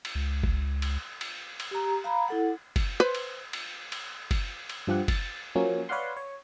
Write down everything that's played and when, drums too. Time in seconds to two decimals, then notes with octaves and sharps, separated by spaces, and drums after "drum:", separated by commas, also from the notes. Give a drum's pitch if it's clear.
0.05 drum: cymbal
0.15 C#2
0.44 drum: kick F#1
0.82 drum: cymbal
1.21 drum: cymbal
1.60 drum: cymbal
1.71 G4 A#5
2.04 F5 A#5 B5
2.28 E4 A4 F#5
2.76 drum: kick F#1, cymbal
3.00 B4 C5
3.15 drum: cymbal
3.53 drum: cymbal
3.92 drum: cymbal
4.31 drum: kick F#1, cymbal
4.69 drum: cymbal
4.87 G2 F3 G4 F#5
5.08 A6, drum: kick F#1, cymbal
5.55 F3 F#3 A#3 C#4
5.89 B4 C#5 D5 F5 F#5 C6
6.17 C#5